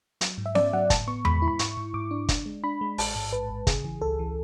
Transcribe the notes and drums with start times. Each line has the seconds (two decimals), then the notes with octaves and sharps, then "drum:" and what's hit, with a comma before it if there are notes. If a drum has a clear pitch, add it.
0.21 F#3, drum: hi-hat
0.38 G#2
0.46 E5
0.55 C#4 D5, drum: snare B3
0.73 F#3 F#5
0.90 A2 A5, drum: kick G1, hi-hat
1.07 B3 C#6
1.25 G#3 B5, drum: tom E2
1.42 E4
1.48 B5
1.59 G#2 C#6, drum: hi-hat
1.77 G#2
1.94 G#2 D6
2.11 D4
2.29 D4, drum: kick G1, hi-hat
2.46 G#3
2.64 D4 B5
2.81 G#3
2.98 A1 A5, drum: open hi-hat
3.15 G#2
3.32 A1 B4
3.50 A1
3.67 C#3 G#4, drum: kick G1, hi-hat
3.84 E3
4.01 C#2 A4
4.19 E3